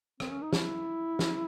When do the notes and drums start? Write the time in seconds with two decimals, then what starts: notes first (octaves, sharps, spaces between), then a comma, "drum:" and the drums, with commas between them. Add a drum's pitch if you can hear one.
0.20 C4, drum: rim click
0.31 C#4
0.42 D#4
0.53 E4, drum: snare
1.19 drum: snare